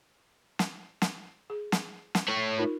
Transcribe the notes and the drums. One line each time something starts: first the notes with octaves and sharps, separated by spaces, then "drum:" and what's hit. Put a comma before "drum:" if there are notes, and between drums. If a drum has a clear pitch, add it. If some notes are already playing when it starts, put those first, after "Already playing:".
drum: snare
drum: snare
G#4
drum: snare
drum: snare
A3 C#5
D#4 F4 A#4